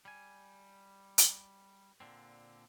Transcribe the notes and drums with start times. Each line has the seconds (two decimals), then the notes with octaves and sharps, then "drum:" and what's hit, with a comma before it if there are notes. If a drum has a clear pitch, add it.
0.05 G3 G#5
1.18 drum: hi-hat
2.00 A#2 D3 C4